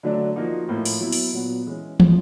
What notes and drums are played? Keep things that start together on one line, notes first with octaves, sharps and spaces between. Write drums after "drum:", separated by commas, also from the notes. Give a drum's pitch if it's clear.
D3 F#3 A3 D4
F3 A#3 D#4 F#4
A2 F3 A#3
drum: open hi-hat
F#3 B3 E4
drum: open hi-hat
A#2 F#3 B3
E3 G#3 C#4
A2 F3 G#3, drum: tom